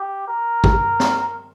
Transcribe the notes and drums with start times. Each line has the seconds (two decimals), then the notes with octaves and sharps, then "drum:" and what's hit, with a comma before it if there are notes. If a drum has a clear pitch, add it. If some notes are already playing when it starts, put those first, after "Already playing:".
Already playing: G4
0.28 A#4
0.64 drum: kick
1.00 drum: snare